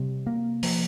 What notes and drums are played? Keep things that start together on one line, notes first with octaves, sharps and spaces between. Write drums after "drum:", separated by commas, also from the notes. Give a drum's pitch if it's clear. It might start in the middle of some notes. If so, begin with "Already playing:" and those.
Already playing: C3 G3
A#3
F3, drum: open hi-hat